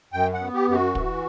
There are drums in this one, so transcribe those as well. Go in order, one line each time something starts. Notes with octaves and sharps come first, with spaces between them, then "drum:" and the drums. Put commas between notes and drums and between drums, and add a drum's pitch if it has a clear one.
F#2 G5
F#5
B3
G4
F#2 G4
F#4
E3, drum: kick